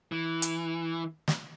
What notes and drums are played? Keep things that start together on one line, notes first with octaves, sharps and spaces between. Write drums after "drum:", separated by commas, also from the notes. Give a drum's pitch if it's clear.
E3
drum: hi-hat
drum: snare